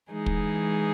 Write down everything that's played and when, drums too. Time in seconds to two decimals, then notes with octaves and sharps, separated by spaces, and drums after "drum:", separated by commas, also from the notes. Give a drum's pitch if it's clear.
0.11 E3 G#3 D#4 G#4
0.26 drum: kick